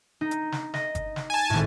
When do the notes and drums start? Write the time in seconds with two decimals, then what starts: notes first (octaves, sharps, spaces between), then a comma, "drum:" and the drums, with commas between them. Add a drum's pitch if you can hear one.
0.21 D#4
0.31 drum: hi-hat
0.52 drum: snare
0.74 D#5, drum: snare
0.95 drum: kick G1, hi-hat
1.16 drum: snare
1.30 G#5 A5
1.50 G#1 A2